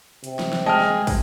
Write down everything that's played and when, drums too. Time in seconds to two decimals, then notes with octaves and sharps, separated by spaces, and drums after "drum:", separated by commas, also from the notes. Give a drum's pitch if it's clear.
0.24 C3, drum: hi-hat
0.39 drum: snare
0.53 drum: snare
0.66 G#3 D#5 G5 A5 F6
0.80 drum: snare
1.07 drum: kick, open hi-hat